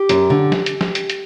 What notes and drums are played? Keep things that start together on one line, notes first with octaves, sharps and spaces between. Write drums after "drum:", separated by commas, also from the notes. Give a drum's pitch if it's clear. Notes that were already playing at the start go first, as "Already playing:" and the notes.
Already playing: G4
F#2, drum: hi-hat
D3
drum: snare
drum: hi-hat
drum: snare
drum: hi-hat
drum: hi-hat